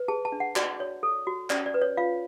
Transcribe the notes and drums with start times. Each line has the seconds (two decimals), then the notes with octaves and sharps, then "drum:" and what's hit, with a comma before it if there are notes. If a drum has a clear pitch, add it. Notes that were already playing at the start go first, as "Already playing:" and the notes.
Already playing: B4
0.08 G#4 A5
0.25 A5
0.32 D4
0.40 F#5
0.56 F#4 D5, drum: clap
0.80 C#5
1.03 A4
1.27 F#4
1.50 C#4 D5, drum: clap
1.66 D5
1.74 B4
1.82 C#5
1.97 F4 F5